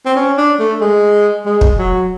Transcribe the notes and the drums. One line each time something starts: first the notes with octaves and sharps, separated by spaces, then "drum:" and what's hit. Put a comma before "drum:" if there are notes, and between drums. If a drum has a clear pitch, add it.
C4
C#4
D4
A3
G#3
G#3
drum: kick
F#3